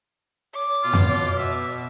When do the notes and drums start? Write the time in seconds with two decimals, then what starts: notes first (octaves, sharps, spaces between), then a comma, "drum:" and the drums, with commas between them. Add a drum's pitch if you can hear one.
0.54 C#5 D6
0.84 B2 F4
0.93 drum: tom F2
1.38 E5